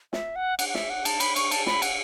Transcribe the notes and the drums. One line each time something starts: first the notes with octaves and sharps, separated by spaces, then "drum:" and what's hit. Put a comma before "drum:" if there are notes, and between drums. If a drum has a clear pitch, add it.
E5, drum: snare
F#5
F#5, drum: cymbal
F#5
E5, drum: snare
F#5
A5, drum: cymbal
B5, drum: cymbal
C#6, drum: cymbal
A5, drum: cymbal
B5, drum: snare
F#5, drum: cymbal